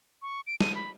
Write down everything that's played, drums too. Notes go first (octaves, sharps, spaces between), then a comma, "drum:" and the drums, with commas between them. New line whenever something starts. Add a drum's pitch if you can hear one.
C#6
D7
D#7, drum: snare
B5